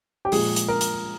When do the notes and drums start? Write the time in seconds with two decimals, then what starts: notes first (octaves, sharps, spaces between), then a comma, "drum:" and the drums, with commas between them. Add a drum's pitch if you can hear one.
0.25 G4
0.32 A#2 F3 G#3 G#4, drum: open hi-hat
0.56 drum: hi-hat
0.68 A#4
0.81 drum: hi-hat